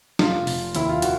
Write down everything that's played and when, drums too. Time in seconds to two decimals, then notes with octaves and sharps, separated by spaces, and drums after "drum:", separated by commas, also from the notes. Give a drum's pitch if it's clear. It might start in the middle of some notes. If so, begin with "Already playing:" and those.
0.19 F1 F4, drum: snare
0.47 F1, drum: open hi-hat
0.75 D#2 E4, drum: hi-hat
0.89 F4
1.02 D#3 F#4, drum: hi-hat